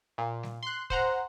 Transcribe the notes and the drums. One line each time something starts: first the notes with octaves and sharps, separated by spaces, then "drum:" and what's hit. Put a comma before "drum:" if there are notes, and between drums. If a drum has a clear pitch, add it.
A#2
drum: snare G3
C6 F#6
C5 F#5 A#5, drum: kick